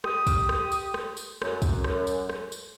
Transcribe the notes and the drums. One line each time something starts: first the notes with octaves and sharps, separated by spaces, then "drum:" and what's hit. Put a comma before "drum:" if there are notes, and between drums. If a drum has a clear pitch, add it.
G4 D#6, drum: rim click
drum: kick, tambourine
drum: rim click
drum: tambourine
drum: rim click
drum: tambourine
F#2, drum: rim click
drum: kick, tambourine
drum: rim click
drum: tambourine
drum: rim click
drum: tambourine